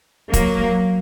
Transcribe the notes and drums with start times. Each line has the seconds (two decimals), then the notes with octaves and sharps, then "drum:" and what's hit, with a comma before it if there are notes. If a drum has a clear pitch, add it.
0.33 F#3 A#3, drum: kick, hi-hat